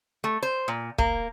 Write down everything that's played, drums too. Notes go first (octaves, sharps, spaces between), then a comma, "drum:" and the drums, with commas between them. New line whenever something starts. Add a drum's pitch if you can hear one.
A3
C5
A#2
A#3, drum: kick